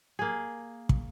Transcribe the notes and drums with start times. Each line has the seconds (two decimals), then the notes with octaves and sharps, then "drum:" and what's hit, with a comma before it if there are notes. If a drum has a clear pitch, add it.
0.19 A#3 G#4
0.89 drum: kick